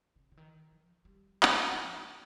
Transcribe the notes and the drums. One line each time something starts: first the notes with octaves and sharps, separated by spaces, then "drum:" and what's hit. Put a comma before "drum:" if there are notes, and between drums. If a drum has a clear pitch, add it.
C#3
C#3
D#3
F3
G3
drum: clap
F3